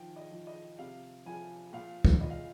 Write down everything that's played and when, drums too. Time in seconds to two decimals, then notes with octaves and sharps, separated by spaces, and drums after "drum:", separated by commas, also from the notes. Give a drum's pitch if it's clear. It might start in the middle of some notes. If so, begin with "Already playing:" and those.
Already playing: D#3 F3 G5
0.16 D#5
0.32 F3
0.47 D#5
0.79 C3 F5
1.26 F3 G#5
1.73 A#2 F5
2.05 drum: kick
2.21 A#2 D#5
2.30 F5